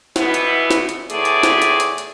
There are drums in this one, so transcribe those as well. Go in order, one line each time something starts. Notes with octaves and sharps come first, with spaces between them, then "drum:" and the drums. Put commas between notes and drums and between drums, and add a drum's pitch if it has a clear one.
B2 E3 B3 E4, drum: snare
drum: hi-hat
drum: snare
drum: hi-hat
E2 A2 A3 G#4 D5, drum: hi-hat
drum: hi-hat
drum: snare
drum: hi-hat
drum: hi-hat
drum: hi-hat